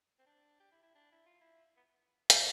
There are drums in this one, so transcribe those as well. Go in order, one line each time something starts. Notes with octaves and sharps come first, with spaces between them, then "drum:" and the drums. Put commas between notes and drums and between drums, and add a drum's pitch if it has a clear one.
C4
D4
G4
E4
E4
D4
E4
F4
E4
B3
drum: hi-hat